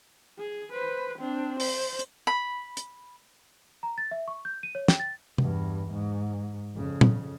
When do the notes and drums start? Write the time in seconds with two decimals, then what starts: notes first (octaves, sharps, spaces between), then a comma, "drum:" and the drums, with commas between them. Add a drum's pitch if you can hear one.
0.38 G#4
0.72 B4 C5
1.19 C4 D4
1.60 C5, drum: open hi-hat
1.99 drum: hi-hat
2.27 B5
2.77 drum: hi-hat
3.83 A#5
3.98 A6
4.11 E5
4.28 C#6
4.45 G6
4.63 D#7
4.75 C#5
4.88 G5, drum: snare
5.00 A6
5.38 E2 G2, drum: tom C3
5.91 G#2
6.75 F2 C#3
7.01 drum: tom